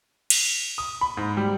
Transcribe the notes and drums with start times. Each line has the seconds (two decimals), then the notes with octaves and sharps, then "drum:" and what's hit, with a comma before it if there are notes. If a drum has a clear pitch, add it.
0.30 drum: cymbal
0.78 D#6
1.01 B5
1.17 G#2
1.37 G3